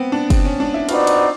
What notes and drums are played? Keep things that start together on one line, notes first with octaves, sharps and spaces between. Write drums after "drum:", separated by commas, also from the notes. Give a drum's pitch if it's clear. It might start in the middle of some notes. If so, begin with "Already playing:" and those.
Already playing: B3 C4
D4
C4, drum: kick F#1, cymbal
C#4
D4
E4
C4 D#4 F4 F#4 B4 D5, drum: cymbal
drum: cymbal